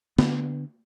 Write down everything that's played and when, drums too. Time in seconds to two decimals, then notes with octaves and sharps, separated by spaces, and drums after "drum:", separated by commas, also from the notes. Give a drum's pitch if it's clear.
0.19 D3 B3, drum: snare